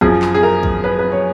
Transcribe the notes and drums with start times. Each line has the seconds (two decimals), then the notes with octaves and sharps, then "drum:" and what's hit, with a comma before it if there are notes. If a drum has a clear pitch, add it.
0.01 F#2 F3 G#4, drum: kick
0.22 drum: clap
0.34 G#4
0.43 A#4
0.63 drum: kick
0.84 B4
0.99 B4
1.12 C#5